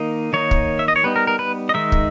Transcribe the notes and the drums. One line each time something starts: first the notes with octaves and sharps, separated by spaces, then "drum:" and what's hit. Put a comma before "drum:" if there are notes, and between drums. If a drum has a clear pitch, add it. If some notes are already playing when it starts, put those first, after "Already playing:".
Already playing: D#3 A#3 D#4
D#3 A#3 D#4 C#5
drum: kick
E5
D#5
C#5
G3 B3 D#4 B4
A#4
A#4
B4
D#5
D#3 G#3 D#4 E5
drum: kick